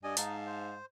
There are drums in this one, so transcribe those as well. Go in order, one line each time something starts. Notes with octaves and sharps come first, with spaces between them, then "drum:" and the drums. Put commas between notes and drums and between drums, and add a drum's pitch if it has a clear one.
G2 D5 D#5 G#5
G#2 D#4 F5 A5, drum: hi-hat
C5